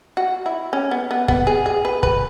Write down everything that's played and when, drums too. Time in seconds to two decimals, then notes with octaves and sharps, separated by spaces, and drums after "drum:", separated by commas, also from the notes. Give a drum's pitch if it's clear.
0.17 F#4
0.46 E4
0.73 C#4
0.91 B3
1.11 B3
1.28 B3, drum: kick
1.47 G#4
1.66 G#4
1.85 B4
2.03 B4, drum: kick